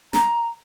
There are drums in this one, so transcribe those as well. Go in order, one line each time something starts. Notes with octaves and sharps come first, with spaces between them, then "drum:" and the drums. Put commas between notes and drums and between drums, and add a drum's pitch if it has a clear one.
A#5, drum: snare